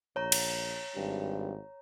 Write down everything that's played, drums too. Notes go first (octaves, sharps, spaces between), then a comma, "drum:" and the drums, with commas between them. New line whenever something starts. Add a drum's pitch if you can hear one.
A#1 C#5 A#5
drum: cymbal
G#1 G2